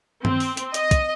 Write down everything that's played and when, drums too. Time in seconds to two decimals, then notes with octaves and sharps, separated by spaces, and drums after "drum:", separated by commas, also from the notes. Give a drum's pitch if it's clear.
0.25 C4, drum: tom G2
0.40 drum: open hi-hat
0.57 drum: hi-hat
0.74 D#5, drum: hi-hat
0.91 drum: kick, hi-hat